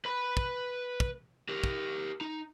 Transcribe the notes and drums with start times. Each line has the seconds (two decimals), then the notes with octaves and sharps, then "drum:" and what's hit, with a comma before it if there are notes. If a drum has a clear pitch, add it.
0.05 B4 B5
0.37 drum: kick
1.00 drum: kick
1.49 G4 A#4
1.64 drum: kick
2.21 D#4